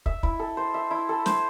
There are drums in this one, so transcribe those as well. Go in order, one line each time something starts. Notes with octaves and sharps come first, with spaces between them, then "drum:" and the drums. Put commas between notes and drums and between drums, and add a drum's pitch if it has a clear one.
E5, drum: kick
E4, drum: kick
A4
C5
E5
E4
A4
C5, drum: snare